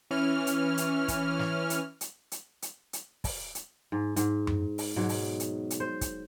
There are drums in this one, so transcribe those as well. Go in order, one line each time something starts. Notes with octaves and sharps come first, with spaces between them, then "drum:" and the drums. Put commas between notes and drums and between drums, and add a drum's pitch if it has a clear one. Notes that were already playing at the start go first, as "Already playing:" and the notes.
E3 C#4 F6
drum: hi-hat
drum: hi-hat
drum: kick, hi-hat
drum: snare
drum: hi-hat
drum: hi-hat
drum: hi-hat
drum: hi-hat
drum: hi-hat
drum: kick, open hi-hat
drum: hi-hat
G#2
G#2, drum: hi-hat
drum: tom F#2
drum: open hi-hat
G#2 B2 F#3
drum: open hi-hat
drum: hi-hat
drum: hi-hat
C5
drum: kick, hi-hat